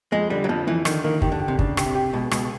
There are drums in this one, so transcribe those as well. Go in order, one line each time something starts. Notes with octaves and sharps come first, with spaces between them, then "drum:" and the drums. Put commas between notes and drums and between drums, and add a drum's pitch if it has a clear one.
F2 G#3
D3 G3
F#3
F2 F3
F2 E3
D3 D#3, drum: rim click
D#3 A#3
D#3 G4, drum: kick
D3
G4
C3
C#3 D4, drum: kick
C#3 G4, drum: rim click
C3
G4
C#2 B2
C#2 B2, drum: rim click